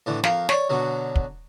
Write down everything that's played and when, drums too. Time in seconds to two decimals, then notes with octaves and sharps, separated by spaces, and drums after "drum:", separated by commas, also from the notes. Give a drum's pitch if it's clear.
0.06 A2 D3 E3
0.24 F2 A#4 F5, drum: snare
0.49 C#5 D5, drum: snare
0.69 B2 D3 F#3
1.16 drum: kick